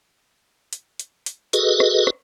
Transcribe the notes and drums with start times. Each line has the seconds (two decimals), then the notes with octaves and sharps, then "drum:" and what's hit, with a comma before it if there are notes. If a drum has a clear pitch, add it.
0.73 drum: hi-hat
1.00 drum: hi-hat
1.26 drum: hi-hat
1.53 F#4 G#4 A4 B4 D#5, drum: hi-hat
1.80 drum: rim click
2.07 drum: rim click